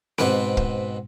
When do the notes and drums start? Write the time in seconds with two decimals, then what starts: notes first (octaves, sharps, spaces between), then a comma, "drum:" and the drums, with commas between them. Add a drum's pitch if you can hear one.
0.18 G#2 B2 C4 B4 F#5 D6, drum: snare C4
0.57 drum: kick